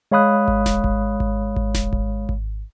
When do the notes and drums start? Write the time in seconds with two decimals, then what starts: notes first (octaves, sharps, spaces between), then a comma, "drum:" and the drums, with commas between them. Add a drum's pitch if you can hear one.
0.12 G#3 C#5 F5 B5 D#6 F#6
0.48 drum: kick G#1
0.66 drum: snare D#1
0.84 drum: kick G#1
1.20 drum: kick G#1
1.56 drum: kick G#1
1.75 drum: snare D#1
1.93 drum: kick G#1
2.29 drum: kick G#1